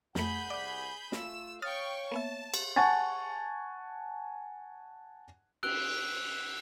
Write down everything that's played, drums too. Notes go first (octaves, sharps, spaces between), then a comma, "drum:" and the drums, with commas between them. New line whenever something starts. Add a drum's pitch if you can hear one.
C2 F2 A3 G#4 F#5 B5 G6, drum: snare
D5 D6
A3 F4 E6, drum: snare
C#5 F5 G5 C#6 D#6 F6 A6
A#3 B3 E5 A5
drum: cymbal
F#5 G#5 A5 C#6 A6
E6 F#6 D7 G7, drum: cymbal